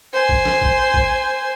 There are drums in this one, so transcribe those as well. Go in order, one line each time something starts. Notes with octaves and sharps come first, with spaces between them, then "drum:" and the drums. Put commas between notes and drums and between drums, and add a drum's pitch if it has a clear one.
C5 G#5
drum: kick
drum: snare
drum: kick
drum: kick